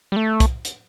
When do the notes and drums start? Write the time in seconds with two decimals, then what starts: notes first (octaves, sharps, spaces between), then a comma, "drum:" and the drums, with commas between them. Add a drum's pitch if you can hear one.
0.12 G3
0.16 A3
0.40 drum: kick, hi-hat
0.65 drum: hi-hat